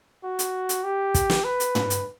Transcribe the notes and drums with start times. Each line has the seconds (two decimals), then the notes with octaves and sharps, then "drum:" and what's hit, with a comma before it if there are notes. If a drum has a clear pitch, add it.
0.24 F#4
0.39 drum: hi-hat
0.69 drum: hi-hat
0.84 G4
1.14 drum: kick, hi-hat
1.30 drum: snare
1.44 B4
1.60 drum: hi-hat
1.75 drum: tom
1.90 drum: hi-hat